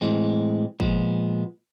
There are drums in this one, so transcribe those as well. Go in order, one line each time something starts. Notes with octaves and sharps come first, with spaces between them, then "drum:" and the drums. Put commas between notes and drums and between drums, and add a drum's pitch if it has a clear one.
A2 E3 G#3 C4
A#2 F3 G#3 B3, drum: kick